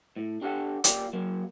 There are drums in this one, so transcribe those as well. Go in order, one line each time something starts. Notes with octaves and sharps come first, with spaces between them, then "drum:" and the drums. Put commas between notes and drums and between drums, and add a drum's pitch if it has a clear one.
A2
D4 G4 A4 F5 F#5
A#3 F4 G4 D5, drum: hi-hat
F#3 A#3